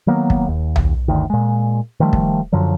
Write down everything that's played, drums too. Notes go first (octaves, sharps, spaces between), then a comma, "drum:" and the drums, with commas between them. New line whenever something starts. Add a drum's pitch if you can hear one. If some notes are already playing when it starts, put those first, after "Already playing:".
D#3 F#3 A#3 B3
drum: kick
D#2
drum: tom B1
G1 D2 D#3
A#2 G#3
D#3 F3 G3 A3
drum: kick
F#2 D3 F3 F#3